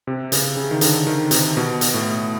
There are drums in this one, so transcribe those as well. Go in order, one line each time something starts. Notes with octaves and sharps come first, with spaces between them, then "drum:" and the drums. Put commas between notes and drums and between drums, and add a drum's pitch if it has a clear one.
C3
C#3, drum: hi-hat
C#3
D#3
D3, drum: hi-hat
D#3
C3, drum: hi-hat
B2
drum: hi-hat
A2